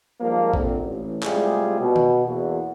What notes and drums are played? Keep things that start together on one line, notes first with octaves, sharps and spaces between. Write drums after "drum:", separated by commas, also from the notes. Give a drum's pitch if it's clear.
G#2 F3 G3 A#3
A#1 D3 C4, drum: kick A1
A1
A2 C3 G3 G#3 F4 G#4, drum: clap
B2
drum: tom
E2 A#3 F#4